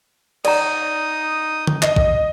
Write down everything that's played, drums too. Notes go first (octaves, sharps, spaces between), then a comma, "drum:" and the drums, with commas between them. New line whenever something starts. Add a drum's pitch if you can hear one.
D#4 D5 A#5 D#6, drum: cymbal
drum: tom D3
D#5, drum: clap
drum: kick